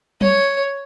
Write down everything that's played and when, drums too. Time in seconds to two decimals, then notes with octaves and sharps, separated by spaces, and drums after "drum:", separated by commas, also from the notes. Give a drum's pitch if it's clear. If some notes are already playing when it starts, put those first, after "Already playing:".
0.21 C#5, drum: tom F#3